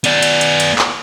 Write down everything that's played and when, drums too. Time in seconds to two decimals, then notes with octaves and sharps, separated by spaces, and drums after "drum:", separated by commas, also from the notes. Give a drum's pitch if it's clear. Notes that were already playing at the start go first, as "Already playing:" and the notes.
0.04 B3 D5, drum: cymbal
0.22 drum: cymbal
0.41 drum: cymbal
0.60 drum: cymbal
0.78 drum: clap